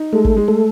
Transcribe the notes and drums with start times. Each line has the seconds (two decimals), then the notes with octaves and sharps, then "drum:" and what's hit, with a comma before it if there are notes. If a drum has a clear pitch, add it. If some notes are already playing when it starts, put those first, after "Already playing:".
Already playing: D#4
0.13 G#3 A3 A4
0.25 drum: kick
0.37 G#3
0.48 A3 A4